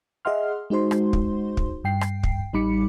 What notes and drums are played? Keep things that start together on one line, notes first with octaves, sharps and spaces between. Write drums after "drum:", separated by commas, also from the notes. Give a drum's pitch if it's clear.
G#4 D#5 E5 F#5 C6 F6
G#3 D#4 F#4 C5 C6
drum: rim click
drum: kick
drum: kick
G2 G5 C7
drum: rim click
drum: kick
A1 G3 D#4 B5 D6 C#7